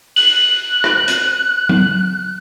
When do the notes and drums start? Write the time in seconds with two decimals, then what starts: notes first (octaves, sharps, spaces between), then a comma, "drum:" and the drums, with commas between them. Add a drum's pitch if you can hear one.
0.16 F#6 F#7, drum: open hi-hat
0.84 drum: rim click
1.08 drum: hi-hat
1.69 drum: tom F#3